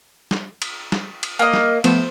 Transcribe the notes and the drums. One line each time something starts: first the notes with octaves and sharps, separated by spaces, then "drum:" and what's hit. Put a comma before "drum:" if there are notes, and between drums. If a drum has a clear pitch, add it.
drum: snare
drum: cymbal
drum: snare
drum: cymbal
A#3 D#5
drum: snare
F3 A3 B3 C5, drum: cymbal